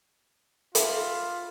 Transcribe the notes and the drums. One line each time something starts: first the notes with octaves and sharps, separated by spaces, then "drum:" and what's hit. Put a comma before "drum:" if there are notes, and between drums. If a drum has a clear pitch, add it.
F4 E5 B5, drum: hi-hat